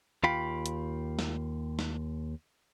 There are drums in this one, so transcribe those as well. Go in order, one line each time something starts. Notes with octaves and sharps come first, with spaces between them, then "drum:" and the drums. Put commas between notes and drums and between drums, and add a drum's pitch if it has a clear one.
D#2 F4 F5 G5 B5
drum: hi-hat
drum: snare
drum: snare